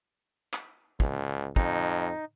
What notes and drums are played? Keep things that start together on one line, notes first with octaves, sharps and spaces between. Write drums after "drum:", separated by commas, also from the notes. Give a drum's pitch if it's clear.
drum: clap
C#2, drum: kick
F2 D#4, drum: kick